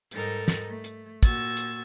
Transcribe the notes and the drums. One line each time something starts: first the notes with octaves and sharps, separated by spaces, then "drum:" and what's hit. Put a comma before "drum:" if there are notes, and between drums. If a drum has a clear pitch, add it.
G#2 G3 D#4 A4 A#4 A6, drum: hi-hat
drum: snare
A3
drum: hi-hat
A#2 F#4 E6 G#6 A6, drum: kick, hi-hat
drum: hi-hat